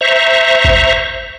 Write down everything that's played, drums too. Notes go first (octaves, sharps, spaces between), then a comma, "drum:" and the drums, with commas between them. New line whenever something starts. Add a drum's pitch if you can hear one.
C5 E5 A#5 C#6
drum: kick G1